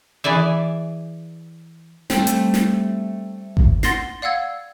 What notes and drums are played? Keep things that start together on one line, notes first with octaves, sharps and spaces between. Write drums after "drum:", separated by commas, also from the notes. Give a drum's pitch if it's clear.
E3 G#4 D5 E5
G3 A3 C4, drum: snare
drum: hi-hat
drum: snare
drum: kick G#1
F#5 C6 A6 A#6 C7, drum: snare
D5 F5 F#5 E6 G#6